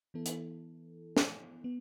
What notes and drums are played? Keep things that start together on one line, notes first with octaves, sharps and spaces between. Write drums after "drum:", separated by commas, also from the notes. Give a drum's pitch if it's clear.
E3 B3 E4 A4
drum: hi-hat
drum: snare
B3